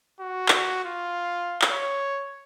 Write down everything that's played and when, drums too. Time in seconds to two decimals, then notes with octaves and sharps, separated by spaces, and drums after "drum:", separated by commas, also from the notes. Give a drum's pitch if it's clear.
0.20 F#4
0.48 drum: clap
0.84 F4
1.62 drum: clap
1.72 C#5